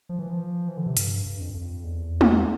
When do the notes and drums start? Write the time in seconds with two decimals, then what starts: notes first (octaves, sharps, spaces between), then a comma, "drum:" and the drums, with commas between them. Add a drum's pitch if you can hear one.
0.09 F3
0.19 E3
0.30 F3
0.68 E3
0.77 D3
0.86 C3
0.97 G2, drum: hi-hat
1.26 G2
1.41 F2
1.54 F2
1.84 E2
2.21 drum: tom